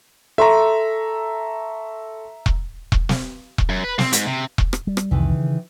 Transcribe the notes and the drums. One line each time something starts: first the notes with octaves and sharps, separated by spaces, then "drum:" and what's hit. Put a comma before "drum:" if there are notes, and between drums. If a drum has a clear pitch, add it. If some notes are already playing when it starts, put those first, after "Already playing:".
A4 E5 A#5 C6 C#6
drum: kick E1
drum: kick E1
drum: snare
drum: kick E1
F#2
B4
C4, drum: snare
G#2, drum: hi-hat
C3
drum: kick E1
drum: rim click
G3
drum: rim click
C2 F2 C3 D#3 E3
C#3